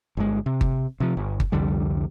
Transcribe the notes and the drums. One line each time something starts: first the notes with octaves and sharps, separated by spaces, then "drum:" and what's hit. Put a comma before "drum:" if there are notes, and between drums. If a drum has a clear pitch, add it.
G1 G#3
C3
drum: kick G1
C3 F3
G1
drum: kick G1
C2 F2 D3 G3